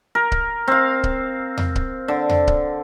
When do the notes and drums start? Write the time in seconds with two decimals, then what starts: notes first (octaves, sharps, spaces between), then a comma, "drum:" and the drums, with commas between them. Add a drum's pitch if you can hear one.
0.15 A#4
0.32 drum: kick C#1
0.68 C4 F5
1.04 drum: kick C#1
1.57 drum: tom E2
1.75 drum: kick C#1
2.08 D3
2.29 drum: tom E2
2.47 drum: kick C#1